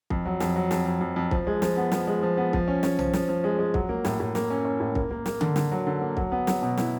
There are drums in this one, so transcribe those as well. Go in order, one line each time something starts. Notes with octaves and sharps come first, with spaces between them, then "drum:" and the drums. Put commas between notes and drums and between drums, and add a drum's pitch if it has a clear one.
F2, drum: kick C2
F#3
F2, drum: snare
F#3
F2, drum: snare
F2
F2
F2
F3, drum: kick C2
G#3
F3, drum: snare
B3
F3, drum: snare
G#3
F3
B3
F3, drum: kick C2
C#4
C#4, drum: snare
F3, drum: tom B1
F3, drum: snare
F3
G#3
G#3
F#3, drum: kick C2
A#3
A2, drum: snare
A2
A#3, drum: snare
C#4
C#4
A2
A#3, drum: kick C2
A#3
A#3, drum: snare
D3, drum: tom D3
D3, drum: snare
F#3
D3
A#3
F#3, drum: kick C2
B3
F#3, drum: snare
B2
E4, drum: snare